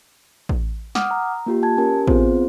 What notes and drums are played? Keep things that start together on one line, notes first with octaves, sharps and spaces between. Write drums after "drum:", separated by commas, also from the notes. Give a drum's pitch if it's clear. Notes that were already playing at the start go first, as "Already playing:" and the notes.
drum: kick A1
F#5 D6 D#6 F6, drum: snare
A#5
A#3 F4 G4
G#5 A5 G#6
C#4 G4 A#4 G#5
B3 C4 F4 G#4 C5, drum: kick A1